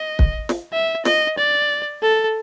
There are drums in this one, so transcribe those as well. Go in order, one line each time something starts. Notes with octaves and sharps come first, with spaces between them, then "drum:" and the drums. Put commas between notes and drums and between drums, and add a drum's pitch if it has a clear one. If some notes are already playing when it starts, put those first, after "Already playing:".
Already playing: D#5
drum: kick
drum: snare
E5
D#5, drum: snare
D5
A4